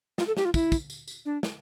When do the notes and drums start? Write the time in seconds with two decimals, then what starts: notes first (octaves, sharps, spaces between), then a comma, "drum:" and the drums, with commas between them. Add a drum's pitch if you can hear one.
0.18 F4, drum: snare
0.27 A4
0.37 G4, drum: snare
0.45 F4
0.54 E4, drum: kick, tambourine
0.72 drum: kick, tambourine
0.90 drum: tambourine
1.08 drum: tambourine
1.25 D4
1.43 drum: snare